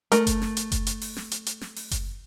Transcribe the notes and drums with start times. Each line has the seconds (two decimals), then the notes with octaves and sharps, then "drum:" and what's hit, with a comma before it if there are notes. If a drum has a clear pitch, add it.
0.12 A3 A#4, drum: hi-hat
0.27 drum: kick F#1, hi-hat
0.42 drum: snare
0.57 drum: hi-hat
0.72 drum: kick F#1, hi-hat
0.87 drum: hi-hat
1.02 drum: open hi-hat
1.16 drum: snare
1.31 drum: hi-hat
1.46 drum: hi-hat
1.61 drum: snare
1.76 drum: open hi-hat
1.91 drum: kick F#1, hi-hat